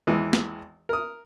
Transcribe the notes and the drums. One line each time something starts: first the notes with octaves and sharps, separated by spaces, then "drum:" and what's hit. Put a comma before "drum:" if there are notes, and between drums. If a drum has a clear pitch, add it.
G#1 E2 E3 G#3
drum: snare
A#4 D#6